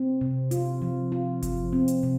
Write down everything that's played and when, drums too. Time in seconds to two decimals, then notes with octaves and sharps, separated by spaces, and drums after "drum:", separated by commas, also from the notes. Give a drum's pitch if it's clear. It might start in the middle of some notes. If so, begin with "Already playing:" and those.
Already playing: C4
0.21 C3
0.51 F4, drum: hi-hat
0.82 F3
1.12 F4
1.43 F3, drum: kick G1, hi-hat
1.73 C4
1.88 drum: hi-hat
2.03 C3